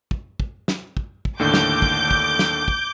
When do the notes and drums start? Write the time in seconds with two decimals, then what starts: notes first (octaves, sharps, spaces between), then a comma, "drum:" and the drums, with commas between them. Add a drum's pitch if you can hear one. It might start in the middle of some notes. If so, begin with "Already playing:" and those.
0.11 drum: kick
0.40 drum: kick
0.68 drum: snare
0.97 drum: kick
1.25 drum: kick
1.39 D#2 A2 D3 D6 G6
1.54 drum: snare
1.82 drum: kick
2.11 drum: kick
2.39 drum: snare
2.68 drum: kick